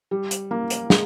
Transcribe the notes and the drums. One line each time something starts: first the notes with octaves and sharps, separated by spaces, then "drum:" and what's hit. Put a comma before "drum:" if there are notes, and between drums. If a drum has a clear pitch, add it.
G3
drum: hi-hat
A#3
drum: hi-hat
G#3, drum: snare